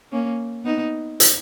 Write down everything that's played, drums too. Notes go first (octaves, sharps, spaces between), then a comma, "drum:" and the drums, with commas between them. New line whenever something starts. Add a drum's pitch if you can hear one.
A#3 C#4
B3 D#4
drum: hi-hat